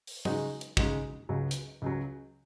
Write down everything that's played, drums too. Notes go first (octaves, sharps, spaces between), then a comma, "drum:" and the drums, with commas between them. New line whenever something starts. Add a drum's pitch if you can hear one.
drum: open hi-hat
C#3 G#3 D#4 F#4, drum: tom F#3
drum: hi-hat
C#3 G#3 D#4 F#4, drum: kick
C#2 C#3 F#3
drum: hi-hat
C#2 C#3 F#3